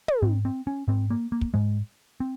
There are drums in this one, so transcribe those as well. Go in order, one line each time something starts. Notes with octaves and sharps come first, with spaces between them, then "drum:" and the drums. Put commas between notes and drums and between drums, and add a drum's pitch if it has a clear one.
drum: tom
G#2 C4
C4
C#4
G#2 C4
A#3
A#3
drum: kick
G#2 G#3
C4